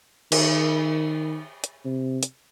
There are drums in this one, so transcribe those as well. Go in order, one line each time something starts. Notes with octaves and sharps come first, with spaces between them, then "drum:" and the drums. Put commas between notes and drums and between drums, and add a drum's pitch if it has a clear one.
D#3, drum: cymbal
drum: hi-hat
C3
drum: hi-hat